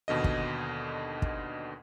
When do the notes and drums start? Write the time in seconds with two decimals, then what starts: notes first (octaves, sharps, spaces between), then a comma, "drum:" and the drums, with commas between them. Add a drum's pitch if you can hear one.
0.08 D#2 B2 D3 D#5
0.24 drum: kick
1.22 drum: kick